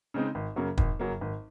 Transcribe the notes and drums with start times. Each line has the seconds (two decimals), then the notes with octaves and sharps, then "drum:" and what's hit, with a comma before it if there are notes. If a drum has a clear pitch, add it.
0.14 C#3 G#3 C4 D#4
0.35 G#1
0.56 F#2 C#3 F#3 A#3
0.78 G#1, drum: kick
0.99 F#2 C#3 F#3 A#3
1.21 G#1